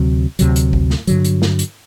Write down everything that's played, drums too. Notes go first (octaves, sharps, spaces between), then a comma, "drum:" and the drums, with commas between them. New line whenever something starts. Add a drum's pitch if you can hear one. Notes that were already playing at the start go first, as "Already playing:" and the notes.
Already playing: D2 C3 F#3
D2 C3 F#3, drum: hi-hat
drum: hi-hat
drum: kick
drum: snare
G2 D3 F#3, drum: hi-hat
drum: hi-hat
drum: snare
drum: hi-hat